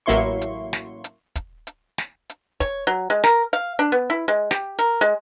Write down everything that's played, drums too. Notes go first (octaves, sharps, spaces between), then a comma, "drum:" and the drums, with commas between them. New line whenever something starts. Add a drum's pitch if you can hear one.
A1 F#3 A#3 E4 C6 C#6
drum: hi-hat
drum: snare
drum: hi-hat
drum: kick, hi-hat
drum: hi-hat
drum: snare
drum: hi-hat
C#5, drum: kick, hi-hat
F#3
G#3
A#4, drum: snare
F5, drum: hi-hat
D4
B3
E4
G#3
G4, drum: snare
A#4, drum: hi-hat
G#3